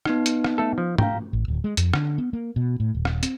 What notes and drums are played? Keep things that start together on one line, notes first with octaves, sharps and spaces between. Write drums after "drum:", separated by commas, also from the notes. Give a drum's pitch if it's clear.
B3 D#4, drum: rim click
drum: hi-hat
drum: rim click
A3 A4
F3
F5 G5 A#5, drum: tom
A1
D1
G#3
F2, drum: hi-hat
D3, drum: rim click
B3
A#3
B2
A2
D#1
drum: rim click
C4, drum: hi-hat